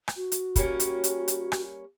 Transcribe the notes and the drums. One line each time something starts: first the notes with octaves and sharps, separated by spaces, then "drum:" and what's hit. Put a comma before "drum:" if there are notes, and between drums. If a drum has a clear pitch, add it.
drum: rim click
F#4
drum: hi-hat
G3 A#3 C#4, drum: kick, hi-hat
drum: hi-hat
drum: hi-hat
drum: hi-hat
drum: rim click